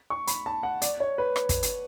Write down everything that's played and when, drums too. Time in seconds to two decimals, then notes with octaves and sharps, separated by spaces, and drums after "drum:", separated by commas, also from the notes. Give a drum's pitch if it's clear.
0.10 C#6
0.27 B5, drum: hi-hat
0.46 A5
0.63 F#5
0.82 D5, drum: hi-hat
1.00 C#5
1.18 B4
1.36 drum: rim click
1.49 drum: kick, hi-hat
1.63 drum: hi-hat